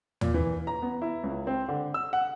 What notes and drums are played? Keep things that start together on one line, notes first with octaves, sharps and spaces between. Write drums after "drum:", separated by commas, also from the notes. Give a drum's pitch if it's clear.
A#2, drum: tom
E3
A#5
B3
E4
C#2
C4
D3
E6
F#5